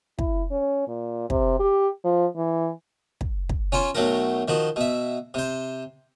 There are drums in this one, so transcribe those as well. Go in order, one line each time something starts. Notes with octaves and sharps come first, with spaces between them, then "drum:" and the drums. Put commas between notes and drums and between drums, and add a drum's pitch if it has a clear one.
E4, drum: kick
C#4
A#2
C3, drum: kick
G4
F3
E3
drum: kick
drum: kick
C#4 F4 C5 C#5
B1 F#3 A3 A#4
D#3 F3 F#4
B2 E5
C3 C5